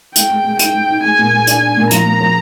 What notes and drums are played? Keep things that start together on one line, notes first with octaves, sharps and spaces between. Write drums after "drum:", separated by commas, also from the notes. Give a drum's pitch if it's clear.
G#3 G5, drum: hi-hat
G#3
G#3
D#4 G5, drum: hi-hat
G#3
D#4
G#3 G#5
A#2
G#3
D4, drum: hi-hat
D4
A#2
F3 A#5, drum: hi-hat
A#3
F3